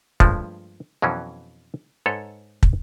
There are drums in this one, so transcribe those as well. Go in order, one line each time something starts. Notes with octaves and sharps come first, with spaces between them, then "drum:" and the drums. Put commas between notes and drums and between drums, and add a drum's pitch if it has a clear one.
G2 F3 G#3 A3, drum: kick
F2 B2 E3 F#3 C#4
G#2 A4 B4 C#5
drum: kick